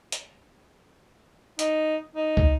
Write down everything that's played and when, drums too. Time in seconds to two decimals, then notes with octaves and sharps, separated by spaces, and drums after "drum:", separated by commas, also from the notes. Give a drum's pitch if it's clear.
0.12 drum: hi-hat
1.59 D#4, drum: hi-hat
2.15 D#4
2.37 drum: kick